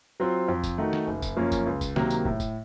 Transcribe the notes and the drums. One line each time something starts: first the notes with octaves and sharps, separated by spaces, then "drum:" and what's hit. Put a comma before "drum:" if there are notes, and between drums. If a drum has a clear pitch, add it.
F#3 C4 F4
F2
drum: kick, tambourine
D#3 A3 D#4 F#4
drum: snare
F#1
drum: kick, tambourine
F#2 F3 A#3 C#4
drum: kick, tambourine
C#2
drum: kick, tambourine
C3 D#3 F#3 A#3, drum: snare
drum: tambourine
A2, drum: kick
drum: kick, tambourine